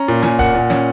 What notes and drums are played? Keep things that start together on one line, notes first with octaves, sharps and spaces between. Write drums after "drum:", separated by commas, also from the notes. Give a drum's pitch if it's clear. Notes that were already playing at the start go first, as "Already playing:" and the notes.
Already playing: C#4 A#5
A#2
A#2 G#5, drum: snare
A#3 F#5, drum: kick
A#2
C#4, drum: snare